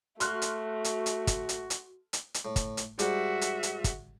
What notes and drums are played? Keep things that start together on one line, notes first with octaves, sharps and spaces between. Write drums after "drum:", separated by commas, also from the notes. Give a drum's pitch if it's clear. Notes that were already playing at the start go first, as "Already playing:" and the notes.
A3 F#4 C6 F6 F#6, drum: hi-hat
drum: hi-hat
drum: hi-hat
drum: hi-hat
drum: kick, hi-hat
drum: hi-hat
drum: hi-hat
drum: hi-hat
drum: hi-hat
A2
drum: kick, hi-hat
drum: hi-hat
G#2 G3 F#4 E5, drum: hi-hat
drum: hi-hat
drum: hi-hat
drum: kick, hi-hat